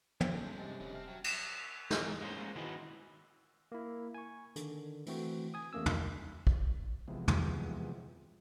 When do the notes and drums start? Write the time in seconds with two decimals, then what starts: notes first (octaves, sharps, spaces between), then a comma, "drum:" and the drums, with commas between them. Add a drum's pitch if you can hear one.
0.21 B1 G#2 E3 A4 C#5, drum: tom
0.34 G2 G#3 C#4 G#5 A5 G6
0.59 C3 D#5 G#5 A6
0.80 E1 D3 C#4
0.94 C4 E5 A5 F6
1.08 F#3 G5
1.24 drum: cymbal
1.90 E2 G#2 G#4, drum: snare
2.21 G#3 A#3 C#4 C5
2.56 D#3 E4 F#4 G#4 B4 D#5
3.72 A#3 E4
4.14 G#5 C#6
4.56 D3 D#3, drum: hi-hat
5.06 E3 A3 C4 F#4, drum: open hi-hat
5.54 G#5 D#6
5.73 E2 A3 A#3 C#4 E6
5.86 drum: tom
6.47 drum: kick
7.08 C3 E3 F3 G#3 B3
7.28 drum: tom